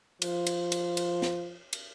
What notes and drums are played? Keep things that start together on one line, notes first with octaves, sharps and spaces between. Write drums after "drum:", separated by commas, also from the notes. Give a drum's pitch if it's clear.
F3, drum: cymbal
drum: cymbal
drum: cymbal
drum: cymbal
drum: snare
drum: cymbal